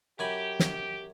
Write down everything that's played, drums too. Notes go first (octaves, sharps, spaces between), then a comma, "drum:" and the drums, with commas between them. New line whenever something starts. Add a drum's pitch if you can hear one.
F#2 G4 G#5 B5
drum: snare